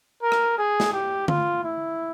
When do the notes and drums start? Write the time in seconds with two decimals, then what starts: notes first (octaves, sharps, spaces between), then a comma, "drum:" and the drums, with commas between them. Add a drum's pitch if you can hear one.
0.22 A#4
0.32 drum: rim click
0.58 G#4
0.80 drum: snare
0.93 G4
1.28 F4, drum: tom D3
1.63 E4